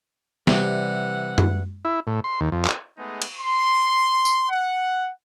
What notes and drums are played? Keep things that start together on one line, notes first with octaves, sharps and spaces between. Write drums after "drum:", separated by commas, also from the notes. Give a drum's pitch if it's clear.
C3 E3 G3 F#5, drum: snare
drum: tom F#2
E4
A2
C6
D#2
F2
drum: clap
G#3 A3 B3 D#4 G#4
drum: cymbal
C6
drum: tambourine
F#5